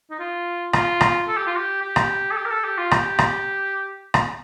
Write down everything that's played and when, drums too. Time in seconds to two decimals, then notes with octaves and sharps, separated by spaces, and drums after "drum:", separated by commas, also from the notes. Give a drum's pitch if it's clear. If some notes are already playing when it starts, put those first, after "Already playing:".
0.10 D#4
0.19 F4
0.73 F4, drum: rim click
1.01 drum: rim click
1.28 A4
1.37 G4
1.47 F4
1.56 G4
1.82 G4
1.96 drum: rim click
2.31 A4
2.37 G4
2.45 A#4
2.50 A4
2.64 G4
2.78 F4
2.91 G4, drum: rim click
3.19 drum: rim click
4.14 drum: rim click